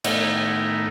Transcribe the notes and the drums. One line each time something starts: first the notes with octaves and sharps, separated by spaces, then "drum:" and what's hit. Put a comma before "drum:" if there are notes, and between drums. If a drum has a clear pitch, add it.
A2 D#3 A3 B3 D#4, drum: cymbal